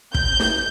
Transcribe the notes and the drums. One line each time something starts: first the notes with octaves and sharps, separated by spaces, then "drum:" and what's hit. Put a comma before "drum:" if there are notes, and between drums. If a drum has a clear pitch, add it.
G6, drum: kick
drum: snare